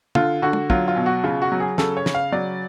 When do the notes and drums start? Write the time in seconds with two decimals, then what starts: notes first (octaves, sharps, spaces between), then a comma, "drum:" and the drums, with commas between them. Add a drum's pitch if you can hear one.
0.15 D3 F4, drum: tom
0.42 D3 F#4
0.53 drum: tom
0.70 F#3 F4, drum: kick
0.88 F4
0.96 B2
1.06 F#4
1.24 C#3 F4
1.42 F#4
1.52 F#3
1.60 G#4
1.78 C#3 A4, drum: snare
1.97 C#5
2.06 C#3, drum: snare
2.14 F5
2.32 F#3 D5